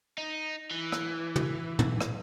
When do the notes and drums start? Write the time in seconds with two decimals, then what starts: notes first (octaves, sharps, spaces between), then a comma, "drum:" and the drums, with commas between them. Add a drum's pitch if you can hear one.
0.18 D#4
0.71 E3
0.92 drum: rim click
1.36 drum: tom
1.79 drum: tom
2.01 drum: rim click